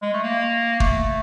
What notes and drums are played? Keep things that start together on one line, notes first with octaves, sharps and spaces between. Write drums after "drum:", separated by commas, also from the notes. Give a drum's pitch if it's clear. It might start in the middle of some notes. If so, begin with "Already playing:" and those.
G#3
A3
A#3
A3, drum: kick